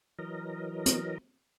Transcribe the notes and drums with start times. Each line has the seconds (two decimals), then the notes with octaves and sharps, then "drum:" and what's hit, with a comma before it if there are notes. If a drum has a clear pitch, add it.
0.19 E3 F#3 A#4 D#5
0.86 drum: hi-hat